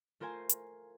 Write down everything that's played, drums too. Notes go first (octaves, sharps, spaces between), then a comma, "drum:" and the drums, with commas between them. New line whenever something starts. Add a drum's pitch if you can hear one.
A3 F4 A#4 C5 G#5
drum: hi-hat